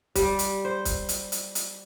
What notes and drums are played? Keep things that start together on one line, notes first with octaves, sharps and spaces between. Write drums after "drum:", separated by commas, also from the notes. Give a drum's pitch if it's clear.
G3, drum: kick, hi-hat
drum: hi-hat
C5
drum: kick, hi-hat
drum: hi-hat
drum: hi-hat
drum: hi-hat